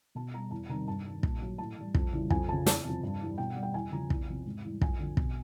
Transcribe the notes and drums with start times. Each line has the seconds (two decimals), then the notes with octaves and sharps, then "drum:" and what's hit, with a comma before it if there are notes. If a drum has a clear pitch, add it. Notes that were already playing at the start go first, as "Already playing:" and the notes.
0.15 B2 A5
0.34 G3 A#5
0.51 E2 A5
0.69 C3 D#3 G3 A#5
0.87 G2 A5
1.06 D#3 G3
1.23 A#2, drum: kick
1.42 F#3
1.58 A2 A5
1.78 E3 G3
1.95 F2, drum: kick
2.13 C#3 E3 G3
2.30 F2 G#5, drum: kick
2.48 C#3 F3 A5
2.66 E2 A5, drum: snare
2.85 C3 F3
3.03 G2
3.21 E3 G3
3.38 B2 G5
3.50 F#5
3.56 G3
3.63 G5
3.74 E2 G#5
3.91 C#3 F3 A#5
4.10 E2, drum: kick
4.29 C3 F3
4.46 G#2
4.64 E3 G3
4.81 F2 G#5, drum: kick
4.99 D3 F3
5.17 B2, drum: kick